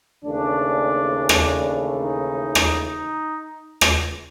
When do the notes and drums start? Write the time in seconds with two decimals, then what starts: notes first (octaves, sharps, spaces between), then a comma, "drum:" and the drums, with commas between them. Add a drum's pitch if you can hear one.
0.24 D#2 C#3 E3 A3 D4
1.29 drum: rim click
1.93 D#4
2.55 drum: rim click
3.81 drum: rim click